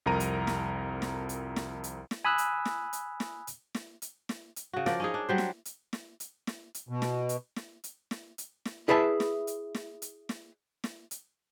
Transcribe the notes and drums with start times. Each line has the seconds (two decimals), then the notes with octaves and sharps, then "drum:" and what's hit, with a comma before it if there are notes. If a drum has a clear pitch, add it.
0.06 C2 F2 A#4 A#5 D#7
0.20 drum: hi-hat
0.47 drum: snare
1.02 drum: snare
1.29 drum: hi-hat
1.56 drum: snare
1.84 drum: hi-hat
2.11 drum: snare
2.25 G#5 B5 D#6 E6 F#6
2.38 drum: hi-hat
2.65 drum: snare
2.93 drum: hi-hat
3.20 drum: snare
3.47 drum: hi-hat
3.75 drum: snare
4.02 drum: hi-hat
4.29 drum: snare
4.56 drum: hi-hat
4.73 C#3 F#4
4.86 F3 A#4 D5, drum: snare
5.00 C#4 D#4 G#4
5.14 D4
5.29 F#3 G3 C5
5.38 drum: snare
5.65 drum: hi-hat
5.93 drum: snare
6.20 drum: hi-hat
6.47 drum: snare
6.75 drum: hi-hat
6.89 B2
7.02 drum: snare
7.29 drum: hi-hat
7.56 drum: snare
7.84 drum: hi-hat
8.11 drum: snare
8.38 drum: hi-hat
8.65 drum: snare
8.88 E4 G#4 B4 E5 A5
9.20 drum: snare
9.47 drum: hi-hat
9.75 drum: snare
10.02 drum: hi-hat
10.29 drum: snare
10.84 drum: snare
11.11 drum: hi-hat